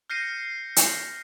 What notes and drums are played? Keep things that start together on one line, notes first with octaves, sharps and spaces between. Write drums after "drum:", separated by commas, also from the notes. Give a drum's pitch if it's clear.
F6 G6 A#6 C7 C#7 D#7
drum: hi-hat